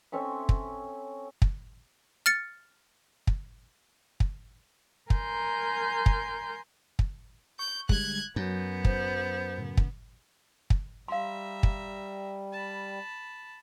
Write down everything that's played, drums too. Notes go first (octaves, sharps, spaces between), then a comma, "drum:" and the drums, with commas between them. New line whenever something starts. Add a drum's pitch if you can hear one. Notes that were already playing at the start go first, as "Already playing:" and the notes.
C4 C#4 A4 E5
drum: kick
drum: kick
F6 A6 C#7
drum: kick
drum: kick
A#4 G#5 A#5 C6 G6, drum: kick
drum: kick
drum: kick
C#6 G6
D3 G3 G#3 F#6 G#6, drum: kick
F#2 F#3 B3 G6
C5, drum: kick
A2 C#3
drum: kick
drum: kick
G3 E5 F5 A#5 C6
drum: kick
A5 B5